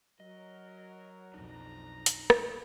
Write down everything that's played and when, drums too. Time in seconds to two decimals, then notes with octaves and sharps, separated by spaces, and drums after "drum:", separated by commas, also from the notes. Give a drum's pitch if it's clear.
0.20 F#3 A#4 D#5
1.34 B1 F2 D4 D#4 A#5
2.06 drum: hi-hat
2.30 drum: rim click